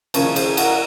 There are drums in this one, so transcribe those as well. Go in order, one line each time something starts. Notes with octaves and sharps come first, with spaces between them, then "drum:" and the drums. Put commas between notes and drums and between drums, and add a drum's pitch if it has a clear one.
C#3 F3 A#3 C#4, drum: cymbal
G#4 C5, drum: cymbal
F#4 A#4, drum: cymbal